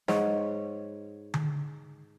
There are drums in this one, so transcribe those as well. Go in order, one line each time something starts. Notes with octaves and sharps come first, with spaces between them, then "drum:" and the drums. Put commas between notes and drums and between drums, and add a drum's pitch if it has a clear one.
G#2 C#5, drum: snare
drum: tom D3